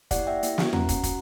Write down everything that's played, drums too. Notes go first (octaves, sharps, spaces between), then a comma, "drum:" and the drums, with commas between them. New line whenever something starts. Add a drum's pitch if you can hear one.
A#3 E4 G4 D5 F#5, drum: kick, hi-hat
E5 G5
A#3 E4 G4, drum: hi-hat
drum: snare
C#4 F#4 F#5 A#5, drum: tom E2
drum: kick, hi-hat
C#4 F#4, drum: kick, hi-hat